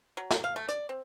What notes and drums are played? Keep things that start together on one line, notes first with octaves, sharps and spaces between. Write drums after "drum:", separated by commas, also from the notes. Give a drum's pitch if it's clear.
F#3
drum: snare
F5
A3
D5, drum: hi-hat
C4